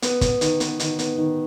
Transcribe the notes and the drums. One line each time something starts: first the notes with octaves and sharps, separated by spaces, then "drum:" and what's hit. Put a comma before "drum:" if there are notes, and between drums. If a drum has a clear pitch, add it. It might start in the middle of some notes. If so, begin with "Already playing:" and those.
B3, drum: hi-hat
B3, drum: kick, hi-hat
D#3, drum: hi-hat
B3, drum: hi-hat
D#3, drum: hi-hat
B3, drum: hi-hat
D#3